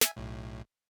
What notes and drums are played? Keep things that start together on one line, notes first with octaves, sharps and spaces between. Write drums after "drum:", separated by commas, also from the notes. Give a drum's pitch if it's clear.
E5 G#5, drum: snare
B1 A2